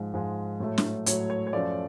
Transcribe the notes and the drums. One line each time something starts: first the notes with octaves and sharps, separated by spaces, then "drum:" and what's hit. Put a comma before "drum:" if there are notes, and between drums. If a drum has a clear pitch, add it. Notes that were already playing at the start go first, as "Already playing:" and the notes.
Already playing: G#2 F3 G#3
G#2 F3 G#3
A2 F#3 A3
drum: snare
A2 F#3 A3 C#5, drum: hi-hat
C#5
C#5
F#2 F3 A3 D5